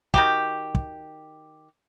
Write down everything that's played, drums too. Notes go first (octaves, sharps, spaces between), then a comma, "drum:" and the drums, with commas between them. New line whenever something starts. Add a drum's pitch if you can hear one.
D#3 F#4 G4, drum: kick
drum: kick